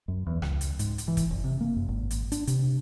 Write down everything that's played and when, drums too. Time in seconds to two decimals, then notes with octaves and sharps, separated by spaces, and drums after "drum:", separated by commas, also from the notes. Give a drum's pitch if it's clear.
0.08 F#2
0.27 E2
0.42 C#2, drum: rim click
0.61 drum: hi-hat
0.79 G#2, drum: hi-hat
0.98 drum: hi-hat
1.08 E3
1.17 drum: kick, hi-hat
1.30 F#1
1.44 C3
1.61 A#3
1.76 F#2
1.88 G#1
2.11 drum: hi-hat
2.32 D4, drum: hi-hat
2.47 C3, drum: hi-hat